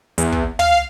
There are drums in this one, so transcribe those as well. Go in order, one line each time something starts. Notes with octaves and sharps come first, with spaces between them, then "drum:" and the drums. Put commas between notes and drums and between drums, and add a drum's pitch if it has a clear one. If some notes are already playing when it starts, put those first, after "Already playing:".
E2, drum: hi-hat
drum: kick
F5, drum: tom